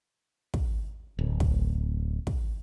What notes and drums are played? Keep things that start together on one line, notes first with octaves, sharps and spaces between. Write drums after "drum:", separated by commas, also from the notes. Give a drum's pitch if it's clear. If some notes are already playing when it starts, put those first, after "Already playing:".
drum: kick
D1
drum: kick
drum: kick